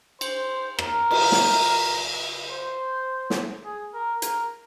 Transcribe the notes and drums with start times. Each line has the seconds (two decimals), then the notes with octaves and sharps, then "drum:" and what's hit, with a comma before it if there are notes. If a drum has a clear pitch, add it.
0.21 C5, drum: cymbal
0.79 A#4, drum: rim click
1.11 drum: cymbal
1.32 drum: snare
2.50 C5
3.30 drum: snare
3.64 G#4
3.94 A#4
4.22 A#4, drum: hi-hat